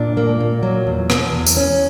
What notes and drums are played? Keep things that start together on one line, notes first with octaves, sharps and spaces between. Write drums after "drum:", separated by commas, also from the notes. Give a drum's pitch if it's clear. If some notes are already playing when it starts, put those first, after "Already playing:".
Already playing: A#2 D4
A#3
A#2
F#3
E2
B2, drum: rim click
E2
drum: tambourine
C#4